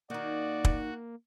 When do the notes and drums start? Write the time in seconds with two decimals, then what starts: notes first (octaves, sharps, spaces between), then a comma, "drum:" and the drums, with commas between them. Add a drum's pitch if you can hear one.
0.10 D#3 A#3 D#4 F#4 D5
0.65 drum: kick